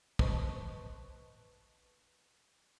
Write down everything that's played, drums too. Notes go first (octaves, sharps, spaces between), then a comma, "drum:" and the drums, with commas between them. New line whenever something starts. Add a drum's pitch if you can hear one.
B4 C5 D#5 A5 C#6, drum: kick